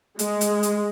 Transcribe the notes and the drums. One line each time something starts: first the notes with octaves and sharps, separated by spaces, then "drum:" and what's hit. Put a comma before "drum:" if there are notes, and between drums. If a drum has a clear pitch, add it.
G#3, drum: hi-hat
drum: hi-hat
drum: hi-hat